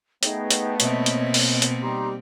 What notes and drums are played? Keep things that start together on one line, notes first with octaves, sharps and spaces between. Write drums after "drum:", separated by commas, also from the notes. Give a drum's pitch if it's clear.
A3 B3 D#4 G#4 G5, drum: hi-hat
drum: hi-hat
B2 A#3 C4 C#5 D#5 E5, drum: hi-hat
drum: hi-hat
drum: open hi-hat
drum: hi-hat
G3 D#4 G4 A#5 C6